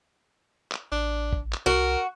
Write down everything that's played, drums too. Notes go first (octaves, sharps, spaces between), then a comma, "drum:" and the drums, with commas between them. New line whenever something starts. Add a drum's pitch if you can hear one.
drum: clap
A1 D4
drum: kick
drum: clap
C2 F#4 A#4